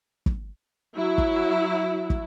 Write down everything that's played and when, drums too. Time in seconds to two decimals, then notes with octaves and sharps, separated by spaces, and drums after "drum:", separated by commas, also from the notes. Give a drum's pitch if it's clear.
0.26 drum: kick
0.95 F#3 E4
1.18 drum: kick
2.10 drum: kick